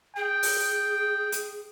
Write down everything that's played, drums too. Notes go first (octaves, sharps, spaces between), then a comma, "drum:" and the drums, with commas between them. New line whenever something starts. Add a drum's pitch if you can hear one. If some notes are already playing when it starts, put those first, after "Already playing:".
G#4 G5
drum: open hi-hat
drum: hi-hat